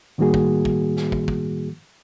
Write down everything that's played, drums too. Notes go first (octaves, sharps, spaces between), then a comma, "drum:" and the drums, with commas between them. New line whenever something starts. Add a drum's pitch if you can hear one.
A2 D#3 G3 A#3 F#4 G#4
drum: kick
drum: kick
drum: snare
drum: kick
drum: kick